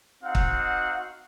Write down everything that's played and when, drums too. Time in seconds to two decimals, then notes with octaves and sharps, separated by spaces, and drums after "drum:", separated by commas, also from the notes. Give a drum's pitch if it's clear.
0.23 C4 D#4 F#4 F5 F#5
0.35 drum: kick